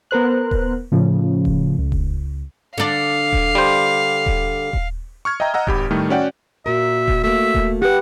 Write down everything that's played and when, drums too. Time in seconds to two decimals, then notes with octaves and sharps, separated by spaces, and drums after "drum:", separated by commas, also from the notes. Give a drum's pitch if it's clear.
0.11 B3 A#4 C5 F#6
0.51 drum: kick D#1
0.92 A2 C#3 F3
1.45 drum: kick D#1
1.78 C#2
1.92 drum: kick D#1
2.78 D3 D4 F5
3.33 drum: kick D#1
3.55 G3 C5
4.26 drum: kick D#1
4.73 drum: kick D#1
5.25 C#6 F6 G#6
5.40 D#5 E5 G5 A#5
5.54 D#5 F#5 A#5 E6
5.67 G#1 G4 B5, drum: kick D#1
5.91 A2 D#3 G3 A3
6.10 C#4 F#4 D5 F#5 G5
6.66 A#2 F#4 A#4 E5
7.08 drum: kick D#1
7.24 A3 A#3 E5
7.55 drum: kick D#1
7.82 G4 B4 F#5